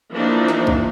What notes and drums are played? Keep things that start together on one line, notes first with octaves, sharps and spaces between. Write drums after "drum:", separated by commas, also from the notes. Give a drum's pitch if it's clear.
E3 F3 A#3 D4 D#4
drum: snare
drum: kick